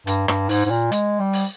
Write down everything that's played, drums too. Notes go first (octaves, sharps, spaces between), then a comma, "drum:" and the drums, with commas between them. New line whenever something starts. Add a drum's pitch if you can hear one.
G2, drum: hi-hat
G2, drum: rim click
G#2, drum: open hi-hat
G#2
A#2
G#3, drum: hi-hat
G3
drum: open hi-hat